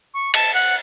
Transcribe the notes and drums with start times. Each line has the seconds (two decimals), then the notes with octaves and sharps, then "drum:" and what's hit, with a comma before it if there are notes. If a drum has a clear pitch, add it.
0.14 C#6
0.34 A5, drum: cymbal
0.54 F#5